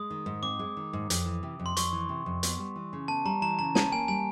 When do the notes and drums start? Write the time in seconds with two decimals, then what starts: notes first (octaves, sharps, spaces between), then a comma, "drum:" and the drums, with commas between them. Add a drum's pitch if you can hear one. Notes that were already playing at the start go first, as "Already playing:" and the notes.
Already playing: G#3 D#6
0.10 D#3
0.26 G#2
0.43 C4 D6
0.59 G#3
0.77 D#3
0.93 G#2
1.10 F2, drum: hi-hat
1.26 E3
1.43 C3
1.60 F2
1.66 C6
1.77 F2 C#6, drum: hi-hat
1.93 E3
2.09 C3
2.26 F2
2.43 B3, drum: hi-hat
2.59 G3
2.75 E3
2.93 C#3
3.08 B3 A5
3.25 G3 A#5
3.42 E3 A#5
3.59 C#3 A#5
3.75 C#4 A5, drum: snare
3.92 A#3 G#5
4.08 G3 G#5